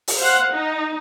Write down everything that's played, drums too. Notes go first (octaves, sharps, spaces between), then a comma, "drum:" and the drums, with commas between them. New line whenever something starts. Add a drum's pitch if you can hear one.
drum: open hi-hat
C5 F5 F#5
D#4